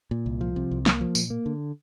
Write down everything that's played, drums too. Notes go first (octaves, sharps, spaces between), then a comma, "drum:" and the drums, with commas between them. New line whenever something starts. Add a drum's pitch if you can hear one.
A#2
C2
F3
C3
C2
A#3, drum: snare
F3
A#2, drum: tambourine
A#3
D3